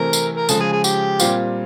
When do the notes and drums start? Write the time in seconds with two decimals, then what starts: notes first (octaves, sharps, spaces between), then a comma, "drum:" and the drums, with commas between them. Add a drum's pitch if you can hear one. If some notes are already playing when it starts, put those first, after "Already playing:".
Already playing: C3 E3 A3 C4 A#4
0.13 drum: tambourine
0.37 A#4
0.49 C#3 F3 G#3 A4, drum: tambourine
0.61 G#4
0.73 G#4
0.84 G4, drum: tambourine
1.20 A#2 G3 C4 F4, drum: tambourine